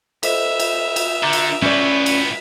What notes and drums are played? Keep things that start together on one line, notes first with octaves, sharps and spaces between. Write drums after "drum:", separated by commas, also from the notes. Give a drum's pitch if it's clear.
A4 C5 D#5 E5, drum: cymbal
drum: cymbal
drum: cymbal
D3 A#5 D6 G6
drum: cymbal
A2 B3 C#4 D5 G6 G#6 E7
drum: cymbal